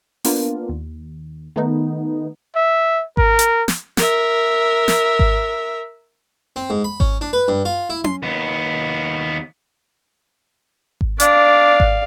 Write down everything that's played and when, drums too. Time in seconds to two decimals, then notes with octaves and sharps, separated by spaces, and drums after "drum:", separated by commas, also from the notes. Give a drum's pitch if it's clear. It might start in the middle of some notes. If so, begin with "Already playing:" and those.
0.24 A#3 B3 D4 F4, drum: open hi-hat
0.69 D#2
1.56 D#3 A3 B3 D#4
2.56 E5
3.17 A#4, drum: kick G#1
3.39 drum: hi-hat
3.68 drum: snare
3.97 A#4 E5, drum: snare
4.88 drum: snare
5.19 drum: kick G#1
6.56 C4
6.70 G#2
6.84 B5
7.00 C#4, drum: kick G#1
7.21 D4
7.33 B4
7.48 G2
7.65 F4
7.90 E4
8.04 C6, drum: tom C#4
8.23 D#2 B3
11.01 drum: kick G#1
11.20 D4 D5 F5, drum: hi-hat
11.80 drum: kick G#1